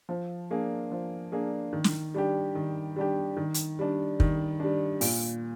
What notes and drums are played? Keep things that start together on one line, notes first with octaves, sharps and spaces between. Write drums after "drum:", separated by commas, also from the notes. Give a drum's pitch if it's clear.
F3
A#3 D4 G#4
F3
A#3 D4 G#4
D#3
drum: snare
G3 D4 G4
D#3
G3 D4 G4
D#3
drum: hi-hat
G3 D4
D#3, drum: kick
G3 D4
A#2, drum: open hi-hat